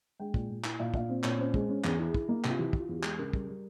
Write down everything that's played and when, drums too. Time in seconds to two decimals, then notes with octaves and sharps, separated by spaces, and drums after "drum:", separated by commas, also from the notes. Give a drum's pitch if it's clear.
0.20 G#3 G5
0.34 A#2, drum: kick
0.49 A#2
0.64 E4, drum: clap
0.79 A#2 F5
0.94 A#2 F5, drum: kick
1.09 C4
1.24 A#2 C#5, drum: clap
1.39 C#4 C5
1.54 G#3, drum: kick
1.69 C#4
1.84 E2, drum: clap
1.99 E4 G#4
2.14 E4, drum: kick
2.29 A#3
2.44 C3, drum: clap
2.50 F4
2.59 E3 G4
2.73 E3, drum: kick
2.79 F4
2.89 E2
2.98 G4
3.03 G#3, drum: clap
3.19 C#2 A#4
3.33 G3, drum: kick
3.49 G3